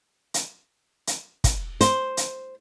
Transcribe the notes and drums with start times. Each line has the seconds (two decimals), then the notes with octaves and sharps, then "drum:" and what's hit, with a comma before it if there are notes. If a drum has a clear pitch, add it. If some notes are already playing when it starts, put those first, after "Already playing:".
0.34 drum: hi-hat
1.07 drum: hi-hat
1.44 drum: kick, hi-hat
1.81 C5, drum: hi-hat
2.17 drum: hi-hat